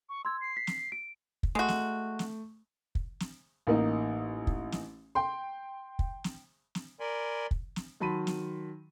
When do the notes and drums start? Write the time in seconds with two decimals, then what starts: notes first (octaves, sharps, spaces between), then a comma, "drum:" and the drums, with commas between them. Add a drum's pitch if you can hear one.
0.09 C#6
0.25 C6 E6 G#6
0.41 C7
0.57 B6
0.67 drum: snare
0.92 D7
1.43 drum: kick
1.55 G#3 A3 F#4
1.68 drum: snare
2.19 drum: snare
2.95 drum: kick
3.20 drum: snare
3.67 A1 A#3 D#4
4.47 drum: kick
4.72 drum: snare
5.15 G5 C6
5.99 drum: kick
6.24 drum: snare
6.75 drum: snare
7.00 A#4 D5 G#5 B5 C6
7.51 drum: kick
7.76 drum: snare
8.00 D#3 F#3 A5 B5 C6 D#7
8.27 drum: snare